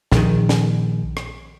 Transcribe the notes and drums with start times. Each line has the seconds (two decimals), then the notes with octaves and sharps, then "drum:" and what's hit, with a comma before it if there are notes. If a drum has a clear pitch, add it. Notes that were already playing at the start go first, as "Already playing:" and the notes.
0.12 A#1 D#3, drum: snare
0.49 drum: snare
1.17 drum: rim click